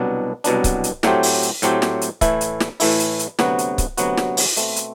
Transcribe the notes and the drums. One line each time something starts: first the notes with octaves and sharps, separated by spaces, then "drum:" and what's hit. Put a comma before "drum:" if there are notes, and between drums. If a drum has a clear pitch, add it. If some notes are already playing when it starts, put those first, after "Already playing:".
Already playing: C2 B2 F#3 B3 D4
C2 B2 F#3 B3 D4, drum: hi-hat
drum: kick C#1, hi-hat
drum: hi-hat
A2 F#3 A3 C4 G4, drum: snare
drum: open hi-hat
drum: hi-hat
A2 F#3 A3 C4 G4, drum: hi-hat
drum: snare
drum: hi-hat
A2 E3 A3 E4, drum: kick C#1, hi-hat
drum: hi-hat
drum: snare
A2 E3 A3 E4, drum: open hi-hat
drum: hi-hat
drum: hi-hat
D2 C3 F#3 B3 F#4, drum: snare
drum: hi-hat
drum: kick C#1, hi-hat
D2 C3 F#3 B3 F#4, drum: hi-hat
drum: snare
drum: open hi-hat
B2 A3 C4, drum: hi-hat
drum: hi-hat